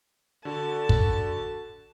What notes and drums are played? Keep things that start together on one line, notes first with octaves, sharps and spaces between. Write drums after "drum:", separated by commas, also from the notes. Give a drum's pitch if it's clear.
D3 F#4 A4 A5
drum: kick